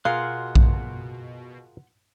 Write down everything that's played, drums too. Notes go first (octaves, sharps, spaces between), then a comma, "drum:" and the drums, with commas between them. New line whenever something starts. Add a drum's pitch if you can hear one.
B2 F4 G#4 A#4 F5 F#5 C6 F#6
drum: kick A#1